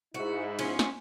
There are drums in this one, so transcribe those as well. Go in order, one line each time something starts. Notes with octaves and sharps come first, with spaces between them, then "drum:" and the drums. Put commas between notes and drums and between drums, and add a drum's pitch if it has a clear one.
G#2 E4 F#4
F3 B3 C#4, drum: cymbal
drum: snare